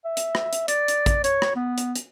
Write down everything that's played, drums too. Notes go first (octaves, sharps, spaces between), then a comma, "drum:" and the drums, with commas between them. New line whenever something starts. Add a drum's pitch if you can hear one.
E5
drum: hi-hat
drum: rim click
drum: hi-hat
D5, drum: hi-hat
drum: hi-hat
drum: kick, hi-hat
C#5, drum: hi-hat
drum: rim click
B3
drum: hi-hat
drum: hi-hat